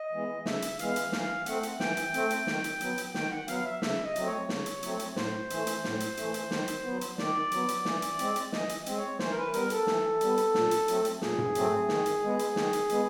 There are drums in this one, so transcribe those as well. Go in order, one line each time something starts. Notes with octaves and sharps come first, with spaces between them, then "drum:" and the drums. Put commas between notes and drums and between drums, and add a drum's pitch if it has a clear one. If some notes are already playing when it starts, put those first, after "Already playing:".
Already playing: D#5
E3 G#3 B3
C#3 E5, drum: snare
drum: hi-hat
E3 G#3 B3 F5, drum: hi-hat
drum: hi-hat
E3 F5, drum: snare
A3 C4 F#5, drum: hi-hat
drum: hi-hat
E3 G5, drum: snare
drum: hi-hat
A3 C4, drum: hi-hat
drum: hi-hat
D#3, drum: snare
drum: hi-hat
F#3 B3, drum: hi-hat
drum: hi-hat
D#3 G5, drum: snare
F#5
F#3 B3 F5, drum: hi-hat
F5
E5
C#3 E5, drum: snare
D#5
F#3 A3 C4, drum: hi-hat
C#5
C#3, drum: snare
drum: hi-hat
F#3 A3 C4, drum: hi-hat
drum: hi-hat
A2 C5, drum: snare
E3 A3, drum: hi-hat
drum: hi-hat
A2, drum: snare
drum: hi-hat
E3 A3, drum: hi-hat
drum: hi-hat
D#3, drum: snare
drum: hi-hat
F#3 B3
drum: hi-hat
D#3 D5, drum: snare
F#3 B3, drum: hi-hat
drum: hi-hat
E3, drum: snare
drum: hi-hat
G#3 C4, drum: hi-hat
drum: hi-hat
E3 D#5, drum: snare
drum: hi-hat
G#3 C4, drum: hi-hat
C#5
E3 C5, drum: snare
A#4
B4
G3 B3 A#4, drum: hi-hat
A4, drum: hi-hat
E3, drum: snare
G3 B3, drum: hi-hat
drum: hi-hat
A#2, drum: snare
drum: hi-hat
F#3 A3 C4, drum: hi-hat
drum: hi-hat
A#2 G#4, drum: snare
drum: tom G#2
F#3 A3 C4, drum: hi-hat
D#3, drum: snare
drum: hi-hat
G#3 B3
drum: hi-hat
D#3, drum: snare
drum: hi-hat
G#3 B3, drum: hi-hat